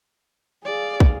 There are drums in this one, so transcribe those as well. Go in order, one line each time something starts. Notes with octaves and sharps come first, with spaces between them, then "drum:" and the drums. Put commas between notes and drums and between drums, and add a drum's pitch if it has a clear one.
G#4 D5 F5
drum: kick